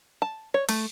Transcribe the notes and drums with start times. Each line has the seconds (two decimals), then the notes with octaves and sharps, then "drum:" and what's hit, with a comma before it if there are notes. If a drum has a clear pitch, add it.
0.22 A5
0.54 C#5
0.69 A3, drum: cymbal